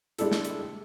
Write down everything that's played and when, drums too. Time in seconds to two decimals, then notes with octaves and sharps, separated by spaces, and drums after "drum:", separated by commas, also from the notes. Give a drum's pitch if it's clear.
0.18 G3 G#3 D4 E4 A4, drum: hi-hat
0.32 drum: snare
0.45 drum: hi-hat